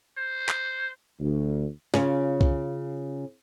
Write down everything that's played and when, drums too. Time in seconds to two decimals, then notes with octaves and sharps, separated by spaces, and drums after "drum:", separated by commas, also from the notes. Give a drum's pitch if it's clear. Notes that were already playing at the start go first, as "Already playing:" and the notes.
0.17 C5
0.49 drum: clap
1.19 D2
1.94 C#3 C#4 F4, drum: snare
2.41 drum: kick C2